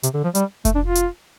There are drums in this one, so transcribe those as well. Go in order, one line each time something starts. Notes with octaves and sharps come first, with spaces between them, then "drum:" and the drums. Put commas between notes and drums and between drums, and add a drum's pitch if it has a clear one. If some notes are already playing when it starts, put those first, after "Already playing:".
C3, drum: hi-hat
D3
F3
G3, drum: hi-hat
A3, drum: kick F1, hi-hat
D4
F4
drum: hi-hat